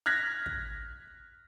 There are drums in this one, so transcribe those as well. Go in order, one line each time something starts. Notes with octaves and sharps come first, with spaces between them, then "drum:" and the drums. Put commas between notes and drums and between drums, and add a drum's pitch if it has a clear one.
F6 F#6 G#6 A#6 B6
drum: kick